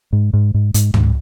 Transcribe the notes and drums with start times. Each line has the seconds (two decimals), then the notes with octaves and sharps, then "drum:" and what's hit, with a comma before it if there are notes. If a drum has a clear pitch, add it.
0.13 G#2
0.33 G#2
0.54 G#2
0.74 G#2, drum: hi-hat
0.94 G#2, drum: tom C#2